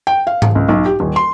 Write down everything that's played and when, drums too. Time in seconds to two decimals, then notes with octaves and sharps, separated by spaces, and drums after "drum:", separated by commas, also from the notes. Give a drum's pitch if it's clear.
0.07 G5
0.27 F5
0.42 drum: tom G#2
0.55 C#2
0.69 B1
0.86 G4
1.00 D#1
1.16 C6